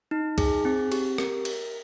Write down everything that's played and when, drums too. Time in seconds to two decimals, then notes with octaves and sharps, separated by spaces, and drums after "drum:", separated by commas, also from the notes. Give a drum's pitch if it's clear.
0.11 D#4
0.38 G#4, drum: kick, cymbal
0.65 C4
0.92 G4, drum: cymbal
1.18 A#4, drum: rim click
1.45 drum: cymbal